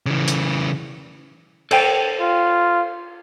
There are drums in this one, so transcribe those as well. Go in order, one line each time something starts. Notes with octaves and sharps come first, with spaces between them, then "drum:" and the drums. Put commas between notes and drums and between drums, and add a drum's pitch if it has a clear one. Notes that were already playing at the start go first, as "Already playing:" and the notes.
C#3 E3
drum: hi-hat
A4 C5 G5, drum: cymbal
F4